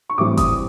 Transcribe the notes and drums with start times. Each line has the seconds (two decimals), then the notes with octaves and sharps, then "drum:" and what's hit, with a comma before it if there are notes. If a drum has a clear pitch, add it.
0.09 C#6
0.18 A2 E3 G3 C4 D6
0.37 D#6, drum: kick G1, hi-hat